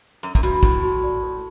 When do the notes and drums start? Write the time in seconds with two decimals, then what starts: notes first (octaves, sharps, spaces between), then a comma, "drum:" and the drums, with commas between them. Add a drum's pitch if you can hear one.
0.23 F#2 A4
0.35 F#2, drum: kick
0.43 G2 F#4
0.63 A2 A4, drum: kick
0.83 F#4
1.03 D5
1.23 A4